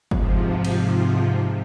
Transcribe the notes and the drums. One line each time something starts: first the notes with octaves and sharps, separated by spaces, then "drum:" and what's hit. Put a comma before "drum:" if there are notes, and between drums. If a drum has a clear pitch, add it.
G#2 C3 F3, drum: kick
drum: cymbal